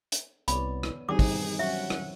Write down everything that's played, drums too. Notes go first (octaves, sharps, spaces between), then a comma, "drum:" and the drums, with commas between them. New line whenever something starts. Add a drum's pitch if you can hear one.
drum: hi-hat
C2 B3 C#5 D5 B5, drum: hi-hat
drum: rim click
D#3 E3 G3 C4 D#4 G#4 D6
drum: kick, open hi-hat
F#3 C#4 C#5 E5 F#5
drum: rim click